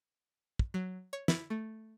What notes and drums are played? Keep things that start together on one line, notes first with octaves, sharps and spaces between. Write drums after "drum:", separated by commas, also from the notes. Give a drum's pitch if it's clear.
drum: kick
F#3
C#5
E4, drum: snare
A3